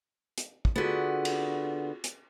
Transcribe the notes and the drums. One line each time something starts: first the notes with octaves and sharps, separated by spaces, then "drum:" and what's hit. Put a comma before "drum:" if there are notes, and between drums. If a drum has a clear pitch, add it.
drum: hi-hat
drum: kick
D3 B3 F4 F#4 G#4
drum: cymbal
drum: hi-hat